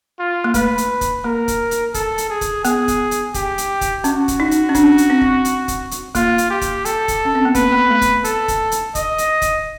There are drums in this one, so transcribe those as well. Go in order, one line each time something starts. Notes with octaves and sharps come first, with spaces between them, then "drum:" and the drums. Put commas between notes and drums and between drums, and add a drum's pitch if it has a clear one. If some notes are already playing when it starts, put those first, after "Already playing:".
F4
A#3
A3 B4, drum: kick, hi-hat
drum: hi-hat
drum: kick, hi-hat
A#3 A#4
drum: kick, hi-hat
drum: hi-hat
A4, drum: kick, hi-hat
drum: hi-hat
G#4
drum: kick, hi-hat
B3 G#4, drum: hi-hat
drum: kick, hi-hat
drum: hi-hat
G4, drum: kick, hi-hat
drum: hi-hat
drum: kick, hi-hat
C#4 F#4, drum: hi-hat
drum: kick, hi-hat
D#4
drum: hi-hat
C#4
D4, drum: kick, hi-hat
drum: hi-hat
C4
drum: kick
drum: hi-hat
drum: kick, hi-hat
drum: hi-hat
A#3 F4, drum: kick, hi-hat
drum: hi-hat
G4
drum: kick, hi-hat
A4, drum: hi-hat
drum: kick, hi-hat
C#4
C4
B3
A#3 B4, drum: kick, hi-hat
B3
A3
drum: kick, hi-hat
A4, drum: hi-hat
drum: kick, hi-hat
drum: hi-hat
D#5, drum: kick, hi-hat
drum: hi-hat
drum: kick, hi-hat